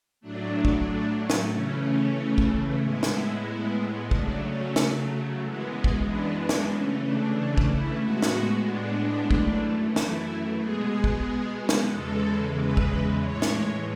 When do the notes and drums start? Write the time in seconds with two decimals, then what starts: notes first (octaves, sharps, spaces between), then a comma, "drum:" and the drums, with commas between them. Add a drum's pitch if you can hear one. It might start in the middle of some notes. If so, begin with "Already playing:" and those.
0.21 A2 F#3 A3 D4
0.65 drum: kick
1.30 drum: snare
1.51 C#3 E3 A3 C#4
2.38 drum: kick
2.81 A2 G#3 B3 E4
3.03 drum: snare
4.11 C#3 F#3 A3 D4, drum: kick
4.43 C#4
4.76 drum: snare
5.41 F#2 E3 G#3 B3
5.84 drum: kick
6.06 D4
6.39 D4
6.49 drum: snare
6.71 C#3 E3 A3 C#4
7.04 D4
7.35 D4
7.58 drum: kick
7.68 E4
8.00 A2 G#3 B3 F#4
8.22 drum: snare
8.65 D4
9.31 F#2 E3 A3, drum: kick
9.96 E4, drum: snare
10.60 B2 G#3 B3 G#4
11.04 drum: kick
11.69 drum: snare
11.90 E2 C#3 E3 G#3 A4
12.55 B4
12.77 drum: kick
13.20 A2 E3 G#3 C#5
13.42 drum: snare